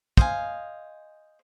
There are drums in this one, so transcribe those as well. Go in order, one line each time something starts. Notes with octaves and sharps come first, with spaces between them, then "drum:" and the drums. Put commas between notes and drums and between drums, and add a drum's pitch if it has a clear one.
C5 D#5 F5 G#5, drum: kick